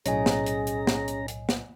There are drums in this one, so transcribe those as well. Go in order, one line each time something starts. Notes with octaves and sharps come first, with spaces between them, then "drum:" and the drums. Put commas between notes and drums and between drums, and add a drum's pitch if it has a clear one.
B1 A2 C#4 G#4 C#5 D#5 G#5 A#5, drum: hi-hat
drum: snare
drum: hi-hat
drum: hi-hat
drum: snare
drum: hi-hat
drum: hi-hat
drum: snare